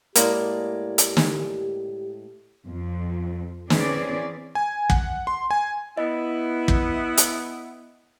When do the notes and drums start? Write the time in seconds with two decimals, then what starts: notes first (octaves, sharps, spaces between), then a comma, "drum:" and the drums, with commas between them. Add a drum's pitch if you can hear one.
0.16 A2 G#3 A#3 G4 D5, drum: hi-hat
0.98 drum: hi-hat
1.17 drum: snare
2.66 F2
3.70 E3 C4 C#4 G#4 D5, drum: snare
4.55 G#5
4.90 F#5, drum: kick
5.27 C6
5.51 G#5
5.97 B3 E4 D#5
6.68 drum: kick
7.18 drum: hi-hat